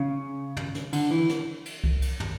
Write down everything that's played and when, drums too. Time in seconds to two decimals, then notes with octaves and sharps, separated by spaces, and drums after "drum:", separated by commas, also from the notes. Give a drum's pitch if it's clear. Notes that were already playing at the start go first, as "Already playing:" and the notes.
Already playing: C#3
0.57 drum: tom
0.75 drum: snare
0.93 D3, drum: cymbal
1.11 E3
1.29 drum: snare
1.65 drum: cymbal
1.84 drum: kick C2
2.02 drum: cymbal
2.20 drum: tom